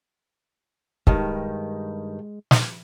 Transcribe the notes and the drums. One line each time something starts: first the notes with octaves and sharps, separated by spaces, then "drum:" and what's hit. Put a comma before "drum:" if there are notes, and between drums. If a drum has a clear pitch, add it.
G2 D#3 G#3, drum: kick
drum: snare